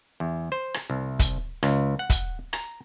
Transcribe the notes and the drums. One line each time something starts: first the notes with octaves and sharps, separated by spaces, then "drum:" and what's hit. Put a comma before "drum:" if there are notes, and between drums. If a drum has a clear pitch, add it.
E2
C5
drum: rim click
C2
drum: kick, hi-hat
C#2, drum: rim click
F#5
drum: kick, hi-hat
A#5, drum: rim click